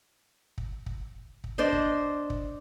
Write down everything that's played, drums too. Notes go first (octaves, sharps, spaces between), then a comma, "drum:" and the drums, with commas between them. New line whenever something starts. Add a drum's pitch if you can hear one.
drum: kick
drum: kick
drum: kick
D4 C5 D#5
drum: kick
drum: kick